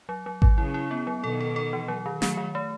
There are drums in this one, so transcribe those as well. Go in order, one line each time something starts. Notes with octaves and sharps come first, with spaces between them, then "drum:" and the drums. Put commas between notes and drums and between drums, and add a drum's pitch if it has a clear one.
F#3
F#3
F#3, drum: kick G#1
C#3 E4
E4
B3
F#3
B2 D#3 A4
A4
A4
E3
F#3
D#3
D#3 F#3 A3, drum: snare
D#3
A3